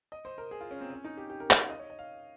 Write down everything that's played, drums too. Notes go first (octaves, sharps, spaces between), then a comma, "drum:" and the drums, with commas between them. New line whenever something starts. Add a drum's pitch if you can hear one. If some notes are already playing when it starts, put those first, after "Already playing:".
D#5
C5
A#4
G#4
F4
C#4
C4
C#4
D#4
G4
G4
A#4
drum: clap
F5
D#5
C#5
D#5
F5